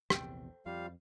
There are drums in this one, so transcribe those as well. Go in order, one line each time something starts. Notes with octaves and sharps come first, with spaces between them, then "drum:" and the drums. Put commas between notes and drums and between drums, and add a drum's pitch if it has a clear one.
A#1 E2 C3 A4 C5 G5, drum: rim click
F2 F3 G3 F4 F5